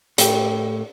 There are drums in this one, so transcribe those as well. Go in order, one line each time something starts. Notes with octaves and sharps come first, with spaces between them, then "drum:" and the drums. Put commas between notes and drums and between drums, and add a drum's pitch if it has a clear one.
A2 G4, drum: hi-hat